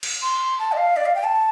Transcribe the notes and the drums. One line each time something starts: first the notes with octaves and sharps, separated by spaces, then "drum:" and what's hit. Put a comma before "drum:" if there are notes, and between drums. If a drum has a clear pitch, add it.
drum: cymbal
C6
A5
D5
F5
D5
F5
G5
A5